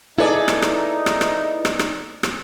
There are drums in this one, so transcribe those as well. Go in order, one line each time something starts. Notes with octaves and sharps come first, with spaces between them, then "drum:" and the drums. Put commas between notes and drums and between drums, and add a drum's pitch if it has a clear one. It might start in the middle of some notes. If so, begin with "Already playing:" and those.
D#4 E4 G#4 A4 B4 D5 D#5
drum: rim click
drum: rim click
drum: rim click
drum: rim click
drum: rim click
drum: rim click
drum: rim click